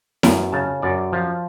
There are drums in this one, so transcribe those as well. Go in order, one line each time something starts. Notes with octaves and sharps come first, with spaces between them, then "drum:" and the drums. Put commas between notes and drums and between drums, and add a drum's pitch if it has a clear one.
F#2, drum: snare E4
C#3 A5
F#2 D5
F3